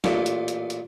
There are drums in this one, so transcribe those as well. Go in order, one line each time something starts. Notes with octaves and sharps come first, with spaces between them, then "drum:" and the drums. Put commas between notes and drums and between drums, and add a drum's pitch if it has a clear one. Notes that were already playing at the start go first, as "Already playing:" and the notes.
A1 A#2, drum: snare
drum: hi-hat
drum: hi-hat
drum: hi-hat